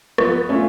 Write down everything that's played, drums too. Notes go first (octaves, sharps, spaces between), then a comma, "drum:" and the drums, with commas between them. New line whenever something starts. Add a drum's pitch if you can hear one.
F3 B3, drum: rim click
A3 C#4 F4